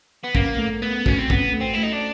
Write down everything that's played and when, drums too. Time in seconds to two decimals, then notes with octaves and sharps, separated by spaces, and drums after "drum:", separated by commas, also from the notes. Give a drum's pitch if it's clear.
0.24 B3
0.35 A#3 C#4, drum: kick
0.58 A3
0.82 A3 B3
1.06 C#4 F#4, drum: kick
1.19 C4
1.30 B3 C#4, drum: kick
1.53 A3
1.61 C4
1.74 A3 E4
1.83 D#4
1.93 D4